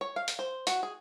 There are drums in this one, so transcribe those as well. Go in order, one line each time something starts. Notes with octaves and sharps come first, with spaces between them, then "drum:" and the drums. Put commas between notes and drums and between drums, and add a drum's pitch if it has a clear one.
C#5
F5
drum: hi-hat
C5
F#4, drum: hi-hat
G#4